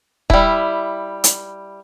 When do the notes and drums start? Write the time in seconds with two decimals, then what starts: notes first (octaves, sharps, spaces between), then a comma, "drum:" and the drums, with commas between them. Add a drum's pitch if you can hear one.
0.30 G3 E4, drum: kick D#1
1.24 drum: hi-hat